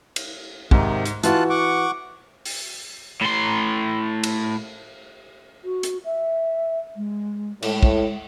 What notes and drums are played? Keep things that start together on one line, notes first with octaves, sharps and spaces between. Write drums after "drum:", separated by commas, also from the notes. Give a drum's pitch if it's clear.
drum: cymbal
G#2 C3 D#3, drum: kick
drum: hi-hat
E3 F4 F#4 A5 F#6, drum: hi-hat
F#5 C#6 D6
drum: open hi-hat
A2 C6
drum: cymbal
F#4
drum: hi-hat
E5
G#3
A2 G#3, drum: cymbal
drum: kick